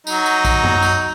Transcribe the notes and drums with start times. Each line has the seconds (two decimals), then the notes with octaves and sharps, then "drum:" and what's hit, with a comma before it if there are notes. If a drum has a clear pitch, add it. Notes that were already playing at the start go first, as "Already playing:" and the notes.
0.07 F#3 D#4, drum: tambourine
0.26 drum: tambourine
0.45 drum: kick A#1, tambourine
0.63 drum: tom F#2
0.82 drum: tambourine